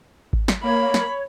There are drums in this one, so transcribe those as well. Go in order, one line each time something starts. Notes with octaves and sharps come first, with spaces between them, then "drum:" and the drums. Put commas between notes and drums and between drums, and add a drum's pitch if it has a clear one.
drum: kick G#1
drum: snare
A#3 C#5 B5
drum: snare